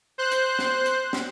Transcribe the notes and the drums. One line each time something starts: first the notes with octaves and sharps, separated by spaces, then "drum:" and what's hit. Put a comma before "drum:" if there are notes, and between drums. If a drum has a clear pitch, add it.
C5 F#6
drum: hi-hat
drum: snare
drum: hi-hat
drum: snare